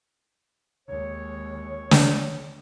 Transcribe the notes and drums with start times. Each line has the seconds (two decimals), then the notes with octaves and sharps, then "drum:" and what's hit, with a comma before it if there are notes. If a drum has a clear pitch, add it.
0.88 D#2 G#3 C#5
1.91 drum: snare